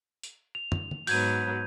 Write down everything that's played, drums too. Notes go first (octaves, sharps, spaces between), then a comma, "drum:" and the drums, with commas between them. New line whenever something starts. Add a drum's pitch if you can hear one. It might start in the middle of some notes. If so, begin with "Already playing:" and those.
drum: hi-hat
F7
drum: tom
drum: tom
G#2 F#3 B3 G6 G#6 D#7, drum: open hi-hat